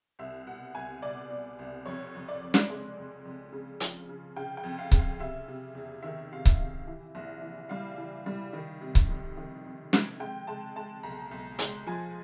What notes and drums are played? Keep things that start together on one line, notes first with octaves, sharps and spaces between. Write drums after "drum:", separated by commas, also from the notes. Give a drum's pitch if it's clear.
C2 E5
B2 F#5
C2 G#5
B2 D5
B2
C2
F2 C#5
F2
D5
F2
drum: snare
G#3
F2
F2
C#3
F3, drum: hi-hat
C#3
C#3 G5
G5
F2
F5
C#3, drum: kick C#1
F5
C3 E5
C3
E2
D#3 E5
C3 F5
E5, drum: kick C#1
C3
E3
A#1
E3
G3 F5
E3
G3
D#3
C3
drum: kick C#1
F2
D#3
F2
F2, drum: snare
G#3 G5
G#3 A5
G#3 A5
B1 A#5
B1
G#3, drum: hi-hat
F3 G#5